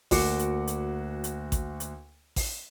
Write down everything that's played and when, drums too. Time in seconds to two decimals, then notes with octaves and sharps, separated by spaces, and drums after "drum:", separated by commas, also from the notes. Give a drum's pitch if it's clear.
0.11 D2 A#3 F#4 D6 C#7, drum: kick A1, open hi-hat
0.39 drum: hi-hat
0.67 drum: hi-hat
1.24 drum: hi-hat
1.52 drum: kick A1, hi-hat
1.80 drum: hi-hat
2.36 drum: kick A1, open hi-hat